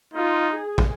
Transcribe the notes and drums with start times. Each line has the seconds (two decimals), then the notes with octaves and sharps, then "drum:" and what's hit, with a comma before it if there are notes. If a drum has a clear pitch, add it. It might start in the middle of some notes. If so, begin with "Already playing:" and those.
0.14 D#4 F4
0.53 G#4
0.78 drum: kick